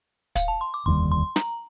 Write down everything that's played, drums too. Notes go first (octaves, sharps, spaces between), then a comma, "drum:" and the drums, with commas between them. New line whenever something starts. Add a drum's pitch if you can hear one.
F5, drum: kick, hi-hat
A5
C6
D6
F1 D#2 D3 G3 C6
C6
A#5, drum: snare